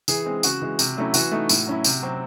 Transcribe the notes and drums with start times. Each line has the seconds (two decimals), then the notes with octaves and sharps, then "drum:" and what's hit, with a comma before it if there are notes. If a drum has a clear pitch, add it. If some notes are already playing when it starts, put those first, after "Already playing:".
0.08 E3 G#4, drum: tambourine
0.26 G#3 C4
0.43 C#3 F#4, drum: tambourine
0.62 E3 G#3
0.79 C3, drum: tambourine
0.97 F#3 A3 C#4 E4
1.14 E3 F#4, drum: tambourine
1.32 A3 D#4
1.49 A2, drum: tambourine
1.67 F#3 C#4 E4
1.84 C3, drum: tambourine
2.03 F#3 C4